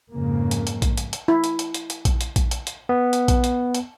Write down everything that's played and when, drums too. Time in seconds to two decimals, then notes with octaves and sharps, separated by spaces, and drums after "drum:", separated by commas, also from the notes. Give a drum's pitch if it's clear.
0.12 F2 G#2 C#3 A#3
0.51 drum: hi-hat
0.67 drum: hi-hat
0.82 drum: kick A#1, hi-hat
0.97 drum: hi-hat
1.13 drum: hi-hat
1.28 E4
1.44 drum: hi-hat
1.59 drum: hi-hat
1.74 drum: hi-hat
1.90 drum: hi-hat
2.05 drum: kick A#1, hi-hat
2.21 drum: hi-hat
2.36 drum: kick A#1, hi-hat
2.51 drum: hi-hat
2.67 drum: hi-hat
2.89 B3
3.13 drum: hi-hat
3.28 drum: kick A#1, hi-hat
3.44 drum: hi-hat
3.75 drum: hi-hat